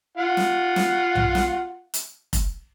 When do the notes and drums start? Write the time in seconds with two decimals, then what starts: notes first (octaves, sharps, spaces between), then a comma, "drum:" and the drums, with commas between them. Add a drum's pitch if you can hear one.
0.17 F4 F#5
0.37 drum: snare
0.76 drum: snare
1.15 drum: tom B1
1.35 drum: snare
1.94 drum: hi-hat
2.33 drum: kick F1, hi-hat